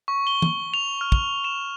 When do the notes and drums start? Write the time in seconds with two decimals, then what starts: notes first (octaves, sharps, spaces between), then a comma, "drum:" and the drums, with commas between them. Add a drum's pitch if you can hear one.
0.08 C#6
0.27 G7
0.42 drum: tom
0.74 F7
1.01 F6
1.12 drum: kick
1.44 E7